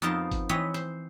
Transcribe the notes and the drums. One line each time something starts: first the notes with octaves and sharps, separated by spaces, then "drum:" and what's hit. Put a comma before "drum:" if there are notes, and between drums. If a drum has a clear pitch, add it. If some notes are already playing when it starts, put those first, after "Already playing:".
F2 B3 D#4 A#4 C5 A5
drum: kick G1, hi-hat
E3 C4 B4 C#5 D#5
C5, drum: hi-hat